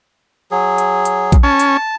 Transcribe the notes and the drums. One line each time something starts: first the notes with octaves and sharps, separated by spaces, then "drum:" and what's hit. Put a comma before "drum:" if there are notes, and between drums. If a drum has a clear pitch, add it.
F#3 G#4
drum: hi-hat
drum: hi-hat
drum: kick A#1, hi-hat
C#4 A5
drum: hi-hat